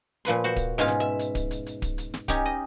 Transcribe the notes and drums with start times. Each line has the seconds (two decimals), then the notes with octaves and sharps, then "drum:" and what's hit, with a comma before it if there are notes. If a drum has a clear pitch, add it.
0.25 A#2 F3 B4 C6, drum: hi-hat
0.44 F#4 C5
0.56 drum: kick D1, hi-hat
0.78 G#2 B2 C#4 F4 F5
0.88 drum: snare
1.00 E5
1.19 drum: hi-hat
1.35 drum: kick D1, hi-hat
1.51 drum: hi-hat
1.66 drum: hi-hat
1.82 drum: kick D1, hi-hat
1.98 drum: hi-hat
2.14 drum: snare
2.28 C#4 D#4 G4, drum: kick D1, hi-hat
2.46 D#5